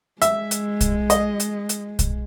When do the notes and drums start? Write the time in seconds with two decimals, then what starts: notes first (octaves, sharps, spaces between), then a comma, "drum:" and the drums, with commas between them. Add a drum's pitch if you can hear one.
0.22 G#3 E5, drum: hi-hat
0.51 drum: hi-hat
0.81 drum: kick B1, hi-hat
1.10 D#5, drum: hi-hat
1.40 drum: hi-hat
1.69 drum: hi-hat
1.99 drum: kick B1, hi-hat